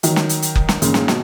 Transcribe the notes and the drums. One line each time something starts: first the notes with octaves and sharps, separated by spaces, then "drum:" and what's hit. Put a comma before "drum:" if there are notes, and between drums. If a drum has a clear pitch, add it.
D#3 F#3, drum: hi-hat
drum: snare
drum: hi-hat
drum: hi-hat
drum: kick F#1
drum: snare
A#2 C#3, drum: hi-hat
A#2, drum: snare
B2, drum: snare